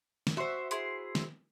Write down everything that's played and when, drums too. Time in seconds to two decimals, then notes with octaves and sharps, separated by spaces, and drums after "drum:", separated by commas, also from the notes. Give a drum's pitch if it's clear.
0.27 drum: snare
0.37 F#4 C5 E5 C6
0.71 E4 G#4 C6, drum: hi-hat
1.15 drum: snare